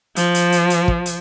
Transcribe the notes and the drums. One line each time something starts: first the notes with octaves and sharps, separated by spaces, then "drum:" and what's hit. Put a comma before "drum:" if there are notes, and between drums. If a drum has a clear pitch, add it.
F3, drum: hi-hat
drum: hi-hat
drum: hi-hat
drum: hi-hat
drum: kick
drum: hi-hat